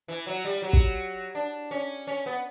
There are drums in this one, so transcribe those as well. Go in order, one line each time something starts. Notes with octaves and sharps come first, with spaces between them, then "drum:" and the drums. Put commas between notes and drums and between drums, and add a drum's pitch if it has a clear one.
E3
F#3
G3
F#3
drum: kick
D4
C#4
C#4
B3